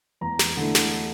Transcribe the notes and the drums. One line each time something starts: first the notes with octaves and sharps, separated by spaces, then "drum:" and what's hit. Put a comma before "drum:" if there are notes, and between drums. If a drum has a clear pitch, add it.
E2 A#5
drum: snare
D3 A3 E4
drum: snare